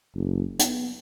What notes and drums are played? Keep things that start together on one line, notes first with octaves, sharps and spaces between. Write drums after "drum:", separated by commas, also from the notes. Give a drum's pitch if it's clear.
F#1
B3, drum: hi-hat